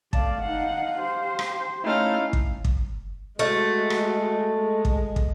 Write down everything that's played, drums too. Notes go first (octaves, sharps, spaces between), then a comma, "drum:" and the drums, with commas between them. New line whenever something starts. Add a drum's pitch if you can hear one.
A3 D5 F5 A5, drum: kick
D#4 F#5
G4 C5
drum: rim click
A3 C#4 D#4 E4 F5
drum: kick
drum: kick
G#3 A3 F#4
drum: rim click
G#3
drum: kick
drum: kick